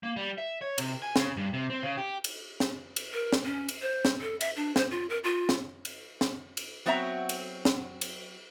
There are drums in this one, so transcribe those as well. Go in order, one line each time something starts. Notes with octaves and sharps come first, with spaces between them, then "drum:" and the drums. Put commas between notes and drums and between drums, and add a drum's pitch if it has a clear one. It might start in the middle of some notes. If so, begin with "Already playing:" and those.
A#3
G3
E5
C#5
C3, drum: cymbal
G#5
C#3, drum: snare
G2
C3
C4
C#3
G4
drum: cymbal
drum: snare
drum: cymbal
A#4
drum: snare
C#4
drum: cymbal
C5
drum: snare
A4
E5, drum: cymbal
D4
C5, drum: snare
F4
A#4
F4
drum: snare
drum: cymbal
drum: snare
drum: cymbal
F#3 B3 C4 F#4 E5 A#5
drum: cymbal
drum: snare
drum: cymbal